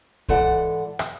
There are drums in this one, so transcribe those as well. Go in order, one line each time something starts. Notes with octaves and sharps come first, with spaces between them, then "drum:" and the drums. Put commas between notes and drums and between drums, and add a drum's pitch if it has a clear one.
G#2 E3 A4 D5 F#5, drum: kick
drum: rim click